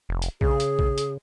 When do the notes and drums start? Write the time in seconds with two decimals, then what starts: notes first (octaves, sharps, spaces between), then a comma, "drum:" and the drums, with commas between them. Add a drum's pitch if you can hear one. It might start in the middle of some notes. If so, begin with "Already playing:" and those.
0.09 F1
0.22 drum: hi-hat
0.41 C#3 G#4, drum: kick
0.60 drum: hi-hat
0.79 drum: kick
0.98 drum: hi-hat